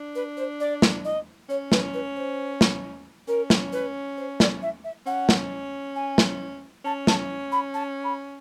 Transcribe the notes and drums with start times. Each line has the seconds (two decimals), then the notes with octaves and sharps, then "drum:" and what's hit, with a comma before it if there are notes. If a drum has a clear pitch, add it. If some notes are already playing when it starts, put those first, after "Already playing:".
Already playing: D4
0.15 B4
0.37 C5
0.60 D5
0.82 drum: snare
1.05 D#5
1.49 C#4 C#5
1.72 B4, drum: snare
1.94 B4
2.16 C5
2.61 drum: snare
3.28 C#4 A#4
3.50 drum: snare
3.72 B4
4.17 C5
4.40 D5, drum: snare
4.62 E5
4.84 E5
5.06 C#4 F#5
5.29 drum: snare
5.96 G#5
6.18 drum: snare
6.85 C#4 A5
7.07 A5, drum: snare
7.52 B5
7.74 A5
8.04 B5